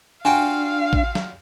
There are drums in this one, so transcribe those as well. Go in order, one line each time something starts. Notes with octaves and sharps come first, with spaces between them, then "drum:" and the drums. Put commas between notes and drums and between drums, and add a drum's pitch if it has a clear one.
D4 F4 F#4 F5 G5 G#5 A#5
drum: kick
drum: snare